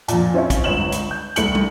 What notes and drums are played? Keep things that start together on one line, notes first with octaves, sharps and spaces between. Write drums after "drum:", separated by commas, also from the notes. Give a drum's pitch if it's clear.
F2 A#2, drum: hi-hat
C4 C#4 E4 F4 C#5
drum: kick, hi-hat
G1 C#2 B4 C#5 E7 F#7
drum: hi-hat
G6
C2 A3 C#7 F#7, drum: hi-hat
drum: tom